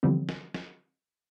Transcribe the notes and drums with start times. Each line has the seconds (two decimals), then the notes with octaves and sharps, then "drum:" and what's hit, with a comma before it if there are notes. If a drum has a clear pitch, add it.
0.03 D3 E3 F3 G3 B3 C4
0.29 drum: snare
0.54 drum: snare